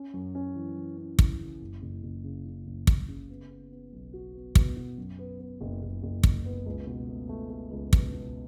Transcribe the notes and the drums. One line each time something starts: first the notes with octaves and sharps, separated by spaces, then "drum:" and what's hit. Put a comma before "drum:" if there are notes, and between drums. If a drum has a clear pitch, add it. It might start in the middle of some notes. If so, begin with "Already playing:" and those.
Already playing: C#4
F#2
C#4
E3
E3
C#4
E3, drum: kick
C#3
F#1
F#1
F#1
C#3
C#3
F#1
F#1, drum: kick
C#3
B3
B3
B3
B1
F#4
B3
B2, drum: kick
B2
F#2
B3
B3
F#1
F#1
F#1
F#1, drum: kick
B3
C#2
B2
A3
A3
A3
C#2
B2, drum: kick
B2